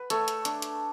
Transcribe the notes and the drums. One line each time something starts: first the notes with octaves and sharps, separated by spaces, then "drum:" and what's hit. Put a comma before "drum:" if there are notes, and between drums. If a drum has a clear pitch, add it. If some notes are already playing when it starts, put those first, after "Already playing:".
Already playing: B4
A3 A4 C#5, drum: hi-hat
drum: hi-hat
D4, drum: hi-hat
drum: hi-hat